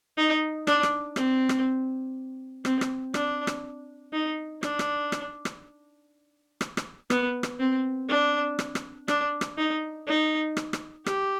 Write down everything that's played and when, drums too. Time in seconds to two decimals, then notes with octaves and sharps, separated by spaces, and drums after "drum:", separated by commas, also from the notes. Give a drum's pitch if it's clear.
0.18 D#4
0.67 D4, drum: rim click
0.83 drum: rim click
1.16 C4, drum: rim click
1.49 drum: rim click
2.65 C4, drum: rim click
2.81 drum: rim click
3.14 D4, drum: rim click
3.47 drum: rim click
4.13 D#4
4.63 D4, drum: rim click
4.79 drum: rim click
5.12 drum: rim click
5.45 drum: rim click
6.61 drum: rim click
6.77 drum: rim click
7.10 B3, drum: rim click
7.43 drum: rim click
7.60 C4
8.09 D4
8.59 drum: rim click
8.75 drum: rim click
9.08 D4, drum: rim click
9.41 drum: rim click
9.58 D#4
10.07 D#4
10.57 drum: rim click
10.73 drum: rim click
11.06 G4, drum: rim click